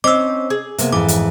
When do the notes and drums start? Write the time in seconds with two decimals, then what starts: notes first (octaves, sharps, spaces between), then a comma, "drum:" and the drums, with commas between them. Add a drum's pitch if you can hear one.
0.04 C4 C#4 D#4 C5 D6 E6
0.50 G#4
0.78 C3 A#3 B3, drum: hi-hat
0.93 F2 G#2 E3 D6
1.08 drum: hi-hat